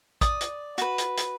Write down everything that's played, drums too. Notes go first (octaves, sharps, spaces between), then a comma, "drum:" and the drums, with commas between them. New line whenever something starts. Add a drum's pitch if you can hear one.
D5 D#6, drum: kick, hi-hat
drum: hi-hat
F#4 B4, drum: hi-hat
drum: hi-hat
drum: hi-hat